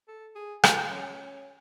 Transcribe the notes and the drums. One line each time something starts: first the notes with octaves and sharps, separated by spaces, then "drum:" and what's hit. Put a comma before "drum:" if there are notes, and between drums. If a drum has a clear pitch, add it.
A4
G#4
F4, drum: rim click
C#4